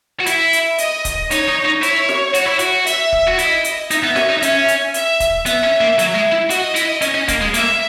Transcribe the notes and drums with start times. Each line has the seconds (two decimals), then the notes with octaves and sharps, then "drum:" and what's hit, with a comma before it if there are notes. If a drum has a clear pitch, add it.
0.20 F#4
0.26 E4 E5, drum: hi-hat
0.53 drum: hi-hat
0.78 D#5, drum: hi-hat
1.05 drum: kick, hi-hat
1.31 D#4 C#5, drum: hi-hat
1.48 D#4
1.65 D#4
1.83 E4 C#5, drum: hi-hat
2.09 drum: snare
2.34 F#4, drum: hi-hat
2.46 E4
2.59 F#4, drum: hi-hat
2.87 E5, drum: hi-hat
3.13 drum: kick
3.27 F#4
3.39 E4 D#5, drum: hi-hat
3.64 drum: hi-hat
3.91 D#4 E5, drum: hi-hat
4.04 B3
4.16 C#4, drum: snare
4.29 D#4
4.42 C#4, drum: hi-hat
4.68 drum: hi-hat
4.94 E5, drum: hi-hat
5.20 drum: kick, hi-hat
5.46 B3 E5, drum: hi-hat
5.63 C#4
5.81 A#3
5.99 F#3, drum: hi-hat
6.15 G#3
6.32 E4
6.50 F#4 D#5, drum: hi-hat
6.76 E4, drum: hi-hat
7.02 C#4, drum: hi-hat
7.14 C#4
7.28 A#3, drum: kick, hi-hat
7.41 G#3
7.54 A#3 E5, drum: hi-hat